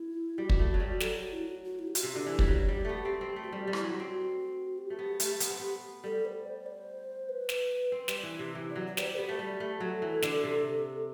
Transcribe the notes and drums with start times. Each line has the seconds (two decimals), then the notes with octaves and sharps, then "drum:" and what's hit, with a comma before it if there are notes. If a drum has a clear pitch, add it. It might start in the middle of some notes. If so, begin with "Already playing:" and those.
Already playing: E4
0.38 G3 F#4
0.49 drum: kick
0.59 A3
0.74 F#3
0.80 G3
1.00 F#3 A4, drum: snare
1.16 F#4
1.33 E4
1.47 F#4
1.64 F#4
1.79 E4
1.87 G4
1.95 F#4, drum: hi-hat
2.03 C3
2.10 D3 G4
2.26 E3
2.39 G3, drum: kick
2.48 F#3
2.68 G3
2.85 A3 B3
3.05 C4
3.21 C4
3.36 A3
3.43 F#4
3.52 G3 G4
3.67 G3
3.73 E4, drum: rim click
3.84 F#3
3.94 F#4
4.00 C4
4.78 G4
4.90 A3
4.99 B3
5.20 A3, drum: hi-hat
5.40 B3, drum: hi-hat
5.50 C4
5.60 B3
6.04 G3 A4
6.25 C5
6.46 D5
6.66 C5
7.29 B4
7.49 drum: snare
7.92 C4
8.08 G3, drum: snare
8.23 E3
8.39 C3
8.55 E3
8.70 D5
8.76 F#3
8.87 D5
8.97 G3 B4, drum: snare
9.02 C5
9.17 B3 G4
9.29 A3
9.39 G3
9.60 A3
9.80 F#3 A4
10.02 E3
10.22 D3, drum: snare
10.44 C3